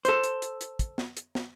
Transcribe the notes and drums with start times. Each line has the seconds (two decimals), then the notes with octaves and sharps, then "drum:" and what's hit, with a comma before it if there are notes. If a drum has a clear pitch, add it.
0.05 A4 C5, drum: hi-hat
0.24 drum: hi-hat
0.42 drum: hi-hat
0.61 drum: hi-hat
0.79 drum: kick, hi-hat
0.98 drum: snare
1.17 drum: hi-hat
1.35 drum: snare